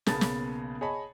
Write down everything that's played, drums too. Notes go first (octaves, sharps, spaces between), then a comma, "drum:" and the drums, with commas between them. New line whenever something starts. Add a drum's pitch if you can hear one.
B1 C#3 A#3 B3 A5 A6, drum: snare
drum: snare
G#4 C#5 D#5 A5 B5